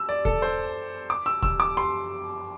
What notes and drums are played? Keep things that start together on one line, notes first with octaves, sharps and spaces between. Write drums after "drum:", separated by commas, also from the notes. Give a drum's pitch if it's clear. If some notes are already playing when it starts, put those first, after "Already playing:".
Already playing: E6
D5
A4, drum: kick D#2
C5
D6
E6
E6, drum: kick D#2
D6
C6